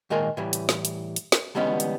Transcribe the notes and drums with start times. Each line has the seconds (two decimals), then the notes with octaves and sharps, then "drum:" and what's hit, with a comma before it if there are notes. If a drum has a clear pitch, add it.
0.10 A#2 D#3 G#3 A#4 G#5
0.37 A2 E3 G3
0.53 drum: hi-hat
0.69 drum: snare
0.85 drum: hi-hat
1.16 drum: hi-hat
1.32 drum: snare
1.55 D3 E3 G3 G#3 B3 C#4
1.80 drum: hi-hat